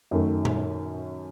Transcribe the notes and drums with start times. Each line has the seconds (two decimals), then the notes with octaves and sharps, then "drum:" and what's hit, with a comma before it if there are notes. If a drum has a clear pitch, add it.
0.11 F#2 D#3 A3
0.45 drum: tom A#2